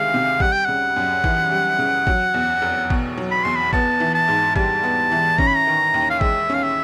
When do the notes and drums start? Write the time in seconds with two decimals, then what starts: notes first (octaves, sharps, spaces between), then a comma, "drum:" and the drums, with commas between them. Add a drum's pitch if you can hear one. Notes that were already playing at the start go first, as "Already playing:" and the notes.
Already playing: D2 C3 D#3 G#3 F5
0.14 C3
0.40 G3 F#5, drum: kick
0.53 G5
0.65 C#3 F#5
0.96 F#2
1.24 E3, drum: kick
1.51 G3
1.79 C#3
2.07 F#3, drum: kick
2.34 E2
2.62 F1
2.90 B2, drum: kick
3.17 F#3
3.31 B5
3.44 E2 C6
3.56 B5
3.73 B3 A5, drum: kick
4.00 E3
4.15 A5
4.28 G#2
4.56 G3 A5, drum: kick
4.83 B3
5.12 E3
5.38 C#4 A#5, drum: kick
5.47 B5
5.56 A#5
5.67 D#3
5.94 D#2
6.10 F5
6.21 G#3 E5, drum: kick
6.50 C#4 F5
6.63 E5